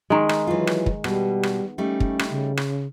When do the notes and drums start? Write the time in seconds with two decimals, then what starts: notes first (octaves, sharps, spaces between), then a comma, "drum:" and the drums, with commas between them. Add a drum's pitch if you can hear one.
0.10 D#3 G#3
0.29 drum: rim click
0.47 E3 F#3 F4
0.67 drum: rim click
0.86 drum: kick
1.04 B2 G3, drum: rim click
1.43 drum: rim click
1.78 G3 A3 C#4 D#4
2.00 drum: kick
2.19 drum: rim click
2.31 C#3
2.57 drum: rim click